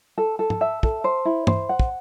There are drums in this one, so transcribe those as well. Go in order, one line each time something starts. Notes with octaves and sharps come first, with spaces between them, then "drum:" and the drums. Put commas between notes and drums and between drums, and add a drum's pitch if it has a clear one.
A4
A4
drum: tom
E5
A4, drum: kick
C5
E4
C5, drum: tom
F#5
drum: kick